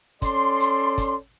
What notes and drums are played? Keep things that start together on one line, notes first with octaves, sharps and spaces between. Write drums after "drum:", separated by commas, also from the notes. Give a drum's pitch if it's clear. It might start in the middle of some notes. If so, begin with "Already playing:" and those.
C#4 A4 D5 C6, drum: kick, hi-hat
drum: hi-hat
drum: kick, hi-hat